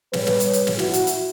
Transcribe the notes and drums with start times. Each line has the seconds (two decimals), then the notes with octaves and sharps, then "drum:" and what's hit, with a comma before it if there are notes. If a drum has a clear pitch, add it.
0.13 G3 B4 C#5, drum: snare
0.27 drum: snare
0.40 drum: hi-hat
0.53 drum: hi-hat
0.67 drum: snare
0.79 E4 F#4, drum: snare
0.94 drum: hi-hat
1.07 drum: hi-hat